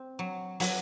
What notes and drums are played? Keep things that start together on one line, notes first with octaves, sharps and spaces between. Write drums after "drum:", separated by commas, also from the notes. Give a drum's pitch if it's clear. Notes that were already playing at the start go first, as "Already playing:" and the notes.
Already playing: C4
F#3
F#3, drum: open hi-hat